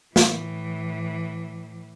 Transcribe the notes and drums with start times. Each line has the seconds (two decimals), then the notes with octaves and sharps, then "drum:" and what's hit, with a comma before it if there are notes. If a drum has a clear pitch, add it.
0.16 A2 E3, drum: snare